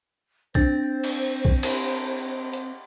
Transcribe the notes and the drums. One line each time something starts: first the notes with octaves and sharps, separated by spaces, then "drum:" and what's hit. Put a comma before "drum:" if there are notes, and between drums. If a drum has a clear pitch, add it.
C4 D4 C5 A6, drum: kick B1
drum: cymbal
drum: kick B1
drum: cymbal
drum: hi-hat